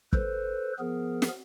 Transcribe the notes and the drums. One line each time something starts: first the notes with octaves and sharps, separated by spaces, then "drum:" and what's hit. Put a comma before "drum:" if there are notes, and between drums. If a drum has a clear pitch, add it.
A4 B4 C5, drum: kick
F3 B3 G#4 A#4
drum: snare